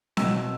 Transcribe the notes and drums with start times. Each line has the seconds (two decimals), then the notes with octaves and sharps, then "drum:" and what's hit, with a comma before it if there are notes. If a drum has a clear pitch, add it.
0.17 B2 E6, drum: snare C4